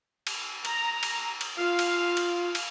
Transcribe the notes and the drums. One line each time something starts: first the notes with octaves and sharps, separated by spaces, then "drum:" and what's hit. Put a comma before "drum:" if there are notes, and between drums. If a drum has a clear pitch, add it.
drum: cymbal
A#5, drum: cymbal
drum: cymbal
drum: cymbal
F4 F5
drum: cymbal
drum: cymbal
drum: cymbal